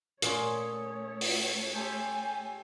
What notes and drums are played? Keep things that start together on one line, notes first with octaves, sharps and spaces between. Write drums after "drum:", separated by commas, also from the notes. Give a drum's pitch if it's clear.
A#2 A3 C#4 G#4 C#5 C6, drum: hi-hat
drum: open hi-hat
G4 A4 C5 G#5